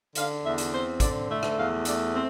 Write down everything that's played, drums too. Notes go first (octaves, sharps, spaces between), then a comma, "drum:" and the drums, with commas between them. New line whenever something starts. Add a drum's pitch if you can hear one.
D3 F5, drum: hi-hat
E2 E5
drum: hi-hat
C4 C5
D3 D5, drum: kick, hi-hat
A3 E5
drum: rim click
E2 F5
A3 D5, drum: hi-hat
C4 C5